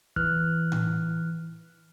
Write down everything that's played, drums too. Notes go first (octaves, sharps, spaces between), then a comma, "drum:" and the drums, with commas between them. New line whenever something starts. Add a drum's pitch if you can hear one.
E3 F6 F#6, drum: kick
drum: tom A2